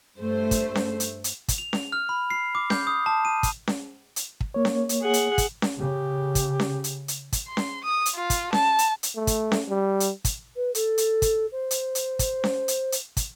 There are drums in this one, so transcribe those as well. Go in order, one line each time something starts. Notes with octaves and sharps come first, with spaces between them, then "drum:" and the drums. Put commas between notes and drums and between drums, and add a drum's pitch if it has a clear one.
G2 A3 C5
drum: kick, hi-hat
drum: snare C#4
drum: hi-hat
drum: hi-hat
drum: kick, hi-hat
F7
drum: snare C#4
F6
B5
C7
D6
G6, drum: snare C#4
D#6
A5
D#7
drum: kick, hi-hat
drum: snare C#4
drum: hi-hat
drum: kick
A#3 C#5
drum: snare C#4
drum: hi-hat
G#4 F#5
drum: hi-hat
drum: kick, hi-hat
drum: snare C#4
C#3 G4
drum: kick, hi-hat
drum: snare C#4
drum: hi-hat
drum: hi-hat
drum: kick, hi-hat
C6
drum: snare C#4
D#6
drum: hi-hat
F4
drum: kick, hi-hat
A5, drum: snare C#4
drum: hi-hat
drum: hi-hat
A3
drum: kick, hi-hat
drum: snare C#4
G3
drum: hi-hat
drum: kick, hi-hat
B4
A4, drum: hi-hat
drum: hi-hat
drum: kick, hi-hat
C5
drum: hi-hat
drum: hi-hat
drum: kick, hi-hat
drum: snare C#4
drum: hi-hat
drum: hi-hat
drum: kick, hi-hat